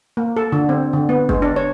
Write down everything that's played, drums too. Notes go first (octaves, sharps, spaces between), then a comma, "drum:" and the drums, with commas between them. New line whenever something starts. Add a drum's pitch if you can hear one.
A#3
A4
D3
C4
D3
B3
G#3, drum: kick G1
D4
C#5